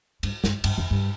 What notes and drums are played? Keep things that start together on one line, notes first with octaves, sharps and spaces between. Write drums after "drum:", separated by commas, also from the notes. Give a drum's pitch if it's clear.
G2, drum: cymbal
G2, drum: snare
G2, drum: cymbal
F2
G2